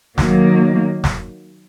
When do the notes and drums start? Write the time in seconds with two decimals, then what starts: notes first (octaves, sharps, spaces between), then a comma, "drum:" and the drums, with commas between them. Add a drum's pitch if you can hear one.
0.18 D#3 F#3 A#3, drum: snare
1.04 drum: snare